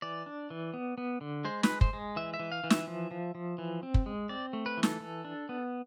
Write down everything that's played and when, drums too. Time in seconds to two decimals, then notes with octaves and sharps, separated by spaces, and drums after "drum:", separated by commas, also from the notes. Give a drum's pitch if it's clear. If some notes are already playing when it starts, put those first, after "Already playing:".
0.02 E3 D5
0.26 D4
0.50 E3
0.74 B3
0.98 B3
1.21 D3
1.45 G#3 C5
1.63 B4, drum: snare
1.69 G#3
1.81 C5, drum: kick
1.93 G#3
2.16 E3 E5
2.34 E5
2.40 E3
2.52 F5
2.64 E3
2.70 E5, drum: snare
2.88 F3
3.11 F3
3.35 F3
3.58 E3
3.83 C4
3.94 drum: kick
4.06 G#3
4.29 C4 D5
4.53 A3
4.66 B4
4.77 E3
4.83 A4, drum: snare
5.01 E3
5.25 D4
5.49 B3